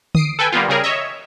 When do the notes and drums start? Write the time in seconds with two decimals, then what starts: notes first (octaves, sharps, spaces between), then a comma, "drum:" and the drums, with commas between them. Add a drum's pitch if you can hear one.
0.15 D#6 C7 D7, drum: tom D3
0.39 A4 B4 G5 G#5
0.52 G3 A#3 B3 F4
0.68 C#3 G3 G#4 A#4
0.84 C#5 D#5 E5